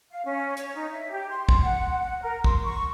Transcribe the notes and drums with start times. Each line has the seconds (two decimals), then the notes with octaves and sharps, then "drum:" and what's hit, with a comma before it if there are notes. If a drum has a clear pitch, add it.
0.11 F5
0.25 C#4
0.57 C#5, drum: hi-hat
0.75 D#4
0.92 E5
1.10 G4
1.30 C6
1.49 drum: kick
1.63 F#5
2.01 F#5
2.22 A#4
2.44 C6, drum: kick
2.63 C#6